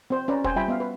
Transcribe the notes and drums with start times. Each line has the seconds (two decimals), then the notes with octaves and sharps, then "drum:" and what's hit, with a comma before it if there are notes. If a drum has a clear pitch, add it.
0.10 C4 C5
0.28 C#4 B4 D5 A#5
0.44 C5 G5 G#5, drum: kick
0.56 G3 F4 E5 G5 G#5 B5
0.68 B3 E5 F5
0.80 B4